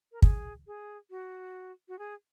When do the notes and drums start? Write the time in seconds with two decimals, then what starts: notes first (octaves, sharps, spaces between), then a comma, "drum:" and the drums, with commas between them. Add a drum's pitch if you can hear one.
0.12 A#4
0.22 G#4, drum: kick
0.67 G#4
1.10 F#4
1.88 F#4
1.99 G#4